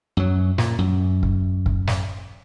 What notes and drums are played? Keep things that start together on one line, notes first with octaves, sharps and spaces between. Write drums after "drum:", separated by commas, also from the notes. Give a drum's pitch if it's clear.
F#2 F#3
A#2, drum: snare
F#2
drum: kick
drum: kick
drum: snare